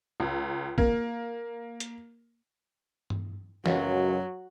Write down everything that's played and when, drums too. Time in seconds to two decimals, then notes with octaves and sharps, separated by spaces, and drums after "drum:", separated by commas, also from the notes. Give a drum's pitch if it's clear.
0.20 C#2
0.78 A#3, drum: kick
1.80 drum: hi-hat
3.10 drum: tom G2
3.66 C#2 F#2 F#3, drum: snare